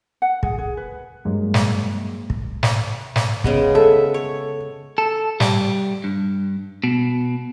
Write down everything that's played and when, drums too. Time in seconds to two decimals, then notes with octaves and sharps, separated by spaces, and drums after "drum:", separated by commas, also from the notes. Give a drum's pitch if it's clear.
0.22 F#5
0.43 G#4, drum: kick
0.59 G#4
0.77 B4
1.25 G2 F#3 G#3 A#3
1.54 drum: snare
2.30 drum: kick
2.63 drum: snare
3.16 drum: snare
3.44 C#3 G#3 B3, drum: kick
3.75 A4 E5
4.14 C#5
4.98 A4
5.40 G3, drum: snare
6.04 G2
6.84 B2